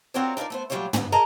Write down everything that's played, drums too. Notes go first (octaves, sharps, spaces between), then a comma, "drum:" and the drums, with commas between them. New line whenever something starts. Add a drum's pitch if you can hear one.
C4 F4 F#4 A#4 C#5 D5
D4 D#4 F4 A#4 D5
A3 B3 C5
A#2 F#3 G3 A3 F4 C#5
D2 B3, drum: tom
G#4 A#4 D#5 A5 A#5